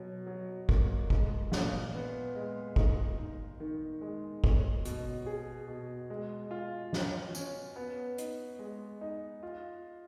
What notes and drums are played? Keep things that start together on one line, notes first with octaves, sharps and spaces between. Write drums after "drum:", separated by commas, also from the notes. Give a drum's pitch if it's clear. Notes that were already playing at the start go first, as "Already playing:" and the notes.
Already playing: B2 F#3
F#3
A#3, drum: kick
G#3, drum: kick
A#2, drum: snare
B3
G#3
D#4, drum: kick
D#4
D#3
G#3
C#4, drum: kick
B2, drum: hi-hat
G#4
B2
G#3
F4
C#4, drum: snare
C#4, drum: tambourine
B3
D#4, drum: hi-hat
G#3
D#4
F4